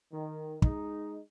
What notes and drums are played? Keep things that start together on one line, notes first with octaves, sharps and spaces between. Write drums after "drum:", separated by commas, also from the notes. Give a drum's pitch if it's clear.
D#3
G#3 D#4, drum: kick